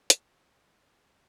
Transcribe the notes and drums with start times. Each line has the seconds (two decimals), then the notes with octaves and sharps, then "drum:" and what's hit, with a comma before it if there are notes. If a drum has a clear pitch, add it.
0.10 C3 E3 E5, drum: hi-hat